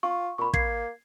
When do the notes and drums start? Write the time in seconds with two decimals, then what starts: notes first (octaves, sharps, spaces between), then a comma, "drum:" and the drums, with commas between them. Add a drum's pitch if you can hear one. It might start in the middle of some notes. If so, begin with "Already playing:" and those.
0.03 F4 C#6
0.38 A#2 B5 C#6
0.53 A#3 G#6 C7, drum: kick